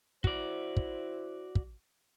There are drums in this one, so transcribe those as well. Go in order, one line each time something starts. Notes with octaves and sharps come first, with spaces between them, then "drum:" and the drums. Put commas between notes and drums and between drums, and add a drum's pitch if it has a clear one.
E4 F#4 C5 D5, drum: kick
drum: kick
drum: kick